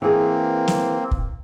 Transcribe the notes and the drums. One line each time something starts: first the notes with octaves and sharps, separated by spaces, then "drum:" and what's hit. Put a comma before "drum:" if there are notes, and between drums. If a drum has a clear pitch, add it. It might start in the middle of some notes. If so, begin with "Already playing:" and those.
E3 A#3 C4 G#4
drum: snare
drum: kick